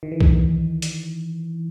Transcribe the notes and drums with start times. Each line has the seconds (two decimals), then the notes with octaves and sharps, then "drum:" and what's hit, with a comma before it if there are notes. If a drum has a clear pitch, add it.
0.03 D#3
0.12 E3
0.21 D#3, drum: kick C2
0.82 drum: hi-hat